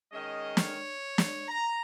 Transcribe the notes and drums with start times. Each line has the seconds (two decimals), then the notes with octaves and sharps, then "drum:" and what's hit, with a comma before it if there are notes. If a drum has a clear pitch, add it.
0.11 D#3 G#3 C#4 D#5
0.57 C#5, drum: snare
1.18 drum: snare
1.48 A#5